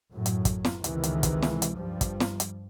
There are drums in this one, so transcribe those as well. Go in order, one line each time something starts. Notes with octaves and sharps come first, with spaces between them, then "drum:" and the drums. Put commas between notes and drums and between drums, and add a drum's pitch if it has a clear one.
F#2 A2 F#3
drum: hi-hat
drum: kick, hi-hat
drum: snare
C#2 C3 D#3 E3 G#3, drum: hi-hat
drum: hi-hat
drum: kick, hi-hat
drum: snare
drum: hi-hat
G2 F3 G3
drum: kick, hi-hat
drum: snare
drum: hi-hat